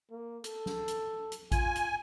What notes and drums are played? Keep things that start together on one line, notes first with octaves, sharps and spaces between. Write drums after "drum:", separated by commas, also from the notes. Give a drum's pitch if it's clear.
A#3
A4, drum: hi-hat
drum: snare
drum: hi-hat
drum: hi-hat
F4 G#5, drum: kick G#1, hi-hat
drum: hi-hat